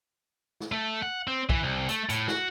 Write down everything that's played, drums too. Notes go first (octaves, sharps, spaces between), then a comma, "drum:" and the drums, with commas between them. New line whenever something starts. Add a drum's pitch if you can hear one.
drum: snare
A3
F#5
C4
E3, drum: kick
C2
A3, drum: hi-hat
A2, drum: hi-hat
F#4, drum: snare